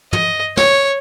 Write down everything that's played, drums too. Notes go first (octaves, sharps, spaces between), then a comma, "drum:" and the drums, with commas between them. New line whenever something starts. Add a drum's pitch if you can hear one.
D#5, drum: tom
C#5, drum: snare